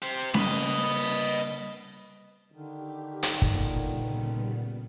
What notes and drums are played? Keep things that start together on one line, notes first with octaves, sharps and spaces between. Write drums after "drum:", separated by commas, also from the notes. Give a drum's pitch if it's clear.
G4 C5
C#3 G3 A#3 B4 D#5, drum: snare C#4
D3 D#3 G4
drum: hi-hat
drum: kick G1
A#2 C#3 G3 B3